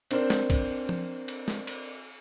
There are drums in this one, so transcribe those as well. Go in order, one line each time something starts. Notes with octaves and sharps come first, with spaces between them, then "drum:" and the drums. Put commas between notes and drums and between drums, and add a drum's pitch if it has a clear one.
C4 D4 A#4 C5, drum: cymbal
drum: snare
drum: kick B1, cymbal
drum: tom F3
drum: cymbal
drum: snare
drum: cymbal